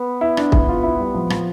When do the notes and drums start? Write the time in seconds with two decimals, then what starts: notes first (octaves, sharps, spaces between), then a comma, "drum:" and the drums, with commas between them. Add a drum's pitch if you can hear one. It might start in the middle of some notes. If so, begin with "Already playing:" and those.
Already playing: B3
0.21 E4
0.37 D4, drum: rim click
0.52 E4, drum: kick
0.69 F4
0.83 E4
0.99 G3
1.15 F3
1.30 F3, drum: rim click